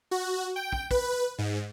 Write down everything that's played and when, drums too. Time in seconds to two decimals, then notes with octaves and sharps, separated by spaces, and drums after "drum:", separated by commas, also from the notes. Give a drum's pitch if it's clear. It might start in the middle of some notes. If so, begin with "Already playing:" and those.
0.11 F#4
0.56 G5
0.73 drum: kick
0.91 B4, drum: kick
1.38 G#2